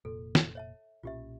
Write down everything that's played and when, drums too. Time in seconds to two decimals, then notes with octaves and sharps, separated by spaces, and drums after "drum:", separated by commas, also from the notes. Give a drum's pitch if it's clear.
0.05 F1 A#2 A4
0.35 drum: snare
0.55 C#5 E5 A5
1.03 B1 A#2 C#4 F4 G4 E5